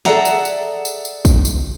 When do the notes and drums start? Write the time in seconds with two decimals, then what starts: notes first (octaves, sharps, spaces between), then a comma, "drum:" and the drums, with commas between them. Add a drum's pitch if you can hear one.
0.05 G#4 A4 D5 E5 F#5 A#5, drum: snare
0.25 drum: tambourine
0.45 drum: tambourine
0.85 drum: tambourine
1.05 drum: tambourine
1.25 drum: kick, tambourine
1.45 drum: tambourine